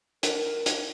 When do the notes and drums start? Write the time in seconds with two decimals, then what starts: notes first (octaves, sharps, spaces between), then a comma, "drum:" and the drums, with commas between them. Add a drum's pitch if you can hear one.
0.23 A#4, drum: hi-hat
0.66 drum: hi-hat